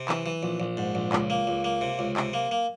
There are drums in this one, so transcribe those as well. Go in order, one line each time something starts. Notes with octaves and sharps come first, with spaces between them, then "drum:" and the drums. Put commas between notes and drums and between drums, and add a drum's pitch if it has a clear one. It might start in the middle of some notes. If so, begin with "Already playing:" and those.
Already playing: C3
E3, drum: clap
E3
A#1
A#1
G#2
A#1
C#2, drum: clap
A#3
C#2
A#3
C3
C#2
C3, drum: clap
A#3
A#3